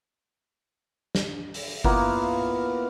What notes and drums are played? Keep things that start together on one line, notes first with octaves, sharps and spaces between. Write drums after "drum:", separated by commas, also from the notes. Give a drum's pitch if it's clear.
drum: snare
drum: open hi-hat
A#3 B3 E4 F4, drum: kick G1